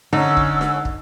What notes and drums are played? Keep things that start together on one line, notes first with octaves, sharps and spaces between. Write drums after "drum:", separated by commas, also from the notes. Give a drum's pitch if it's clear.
D3 C#4 D#4 E6
drum: kick
drum: snare D4
drum: kick